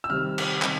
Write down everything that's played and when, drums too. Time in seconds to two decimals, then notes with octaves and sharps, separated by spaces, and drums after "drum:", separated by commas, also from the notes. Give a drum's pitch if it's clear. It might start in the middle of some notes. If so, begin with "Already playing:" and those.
0.04 E6
0.09 C3 D#3 G3 C4 F6
0.38 drum: cymbal
0.62 C3 D#3 G3 C4, drum: clap